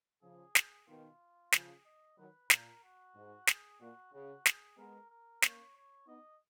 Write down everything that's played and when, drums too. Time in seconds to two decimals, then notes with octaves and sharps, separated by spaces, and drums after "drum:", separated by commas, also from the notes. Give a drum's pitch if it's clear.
0.22 C#3 F3 G#4
0.55 drum: snare
0.87 B2 D#3 F4
1.52 C#3 F3 G#4, drum: snare
1.85 D#5
2.17 D#3 F#3 B4
2.50 A#2 A#4, drum: snare
2.83 F#4
3.14 G#2
3.47 G#4, drum: snare
3.80 A#2 F#4
4.13 C#3 F#4
4.46 G#4, drum: snare
4.77 G#3 B3 A#4
5.09 A#4
5.42 A#3 C#4 C#5, drum: snare
5.75 C#5
6.07 B3 D#4 D#5